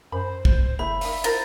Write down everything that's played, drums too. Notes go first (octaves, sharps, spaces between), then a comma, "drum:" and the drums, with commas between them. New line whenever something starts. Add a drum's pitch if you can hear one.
F#2 C5 B5
drum: kick
F#1 E4 E5 B5
D#3 F5, drum: open hi-hat
E4 F4 A#4 C5 A6 A#6, drum: cymbal